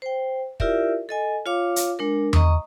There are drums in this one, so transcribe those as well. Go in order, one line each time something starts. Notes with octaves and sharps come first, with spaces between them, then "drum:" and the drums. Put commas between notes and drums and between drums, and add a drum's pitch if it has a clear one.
C5 G5
E4 F4 G4 A#4 D5 E5, drum: kick
A4 D#5 G#5
F4 C#5 F5 D6
drum: hi-hat
G#3 D4 A#4
D#5 A#5 C#6 D#6, drum: tom E2